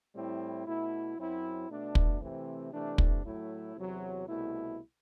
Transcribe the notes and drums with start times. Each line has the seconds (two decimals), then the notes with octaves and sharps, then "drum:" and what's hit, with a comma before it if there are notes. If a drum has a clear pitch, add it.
0.14 A2 G3 C4 E4
0.66 B2 A3 E4
1.18 F#2 F#3 C4 E4
1.69 B2 A3 D4
1.95 drum: kick
2.21 C3 E3 A3 C4
2.72 C3 E3 A3 D4
2.98 drum: kick
3.24 A2 F#3 A3 E4
3.75 E2 C3 F#3
4.27 C2 B2 A3 E4